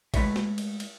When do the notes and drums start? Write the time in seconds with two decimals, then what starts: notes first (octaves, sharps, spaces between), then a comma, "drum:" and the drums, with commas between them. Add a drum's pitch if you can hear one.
0.14 G#3 A3 E4 B4 C#5 E5, drum: kick, cymbal
0.36 drum: snare
0.58 drum: cymbal
0.80 drum: cymbal